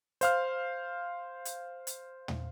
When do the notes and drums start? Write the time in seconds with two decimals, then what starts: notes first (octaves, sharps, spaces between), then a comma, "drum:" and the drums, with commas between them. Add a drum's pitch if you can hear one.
0.21 C5 F5 F6, drum: hi-hat
1.45 drum: hi-hat
1.87 drum: hi-hat
2.28 drum: tom